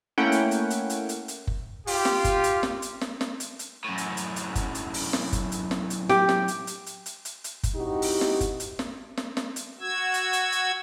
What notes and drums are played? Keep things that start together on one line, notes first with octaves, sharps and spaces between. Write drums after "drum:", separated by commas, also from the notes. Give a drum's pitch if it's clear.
A3 A#3 C#4 E4 F#5 G5
drum: hi-hat
drum: hi-hat
drum: hi-hat
drum: hi-hat
drum: hi-hat
drum: hi-hat
drum: kick F#1
F4 G4, drum: open hi-hat
drum: snare
drum: kick F#1, hi-hat
drum: hi-hat
drum: snare
drum: hi-hat
drum: snare
drum: snare
drum: hi-hat
drum: hi-hat
F#2 A2
drum: hi-hat
drum: hi-hat
drum: hi-hat
drum: kick F#1, hi-hat
drum: hi-hat
drum: open hi-hat
drum: snare
drum: kick F#1, hi-hat
drum: hi-hat
drum: snare
drum: hi-hat
G4, drum: snare
drum: snare
drum: hi-hat
drum: hi-hat
drum: hi-hat
drum: hi-hat
drum: hi-hat
drum: hi-hat
drum: kick F#1, hi-hat
G3 C4 D#4 E4 F#4 G4
drum: open hi-hat
drum: snare
drum: kick F#1, hi-hat
drum: hi-hat
drum: snare
drum: snare
drum: snare
drum: hi-hat
F#4 E6 G#6
drum: hi-hat
drum: hi-hat
drum: hi-hat